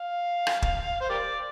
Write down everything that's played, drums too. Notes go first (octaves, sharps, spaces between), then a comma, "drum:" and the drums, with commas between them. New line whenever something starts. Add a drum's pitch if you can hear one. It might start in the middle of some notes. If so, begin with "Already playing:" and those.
Already playing: F5
drum: rim click
drum: kick
C5
G4 A#4 D5